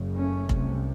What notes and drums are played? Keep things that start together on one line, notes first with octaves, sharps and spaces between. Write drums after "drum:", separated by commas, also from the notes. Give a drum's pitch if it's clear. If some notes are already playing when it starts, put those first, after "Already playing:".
Already playing: F#1 F#2 C#3
A3 C#4
C2 C3, drum: kick